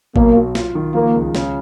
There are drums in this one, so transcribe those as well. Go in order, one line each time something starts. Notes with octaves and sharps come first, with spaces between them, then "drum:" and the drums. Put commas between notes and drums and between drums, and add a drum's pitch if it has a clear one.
B1 A#3, drum: kick G#1
F#3
F4, drum: snare
D#3
F3 A#3
C#2
C#3, drum: snare